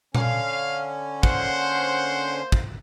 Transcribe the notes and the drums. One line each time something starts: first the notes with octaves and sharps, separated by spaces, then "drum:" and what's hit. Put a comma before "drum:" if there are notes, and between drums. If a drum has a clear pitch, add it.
D3 C#4 F5, drum: tom A#2
A#3 C5 F#5, drum: kick
drum: kick